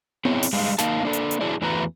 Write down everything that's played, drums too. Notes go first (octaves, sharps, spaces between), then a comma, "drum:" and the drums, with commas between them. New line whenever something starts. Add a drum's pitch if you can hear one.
C4 E4 G#4 C#5 G5, drum: tom B3
drum: open hi-hat
G3 G#3 D#4 F5
A#3 D#4 F5 A5, drum: snare
A#3 D4 A4
drum: hi-hat
drum: hi-hat
F#3 D4 E4 G#4 D5
E2 E3 A3 F#4 B4 A#5